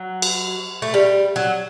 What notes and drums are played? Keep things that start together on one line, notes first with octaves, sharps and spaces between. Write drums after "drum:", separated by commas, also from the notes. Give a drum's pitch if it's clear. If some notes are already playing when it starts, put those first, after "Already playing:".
Already playing: F#3
drum: cymbal
A3
G3
F#3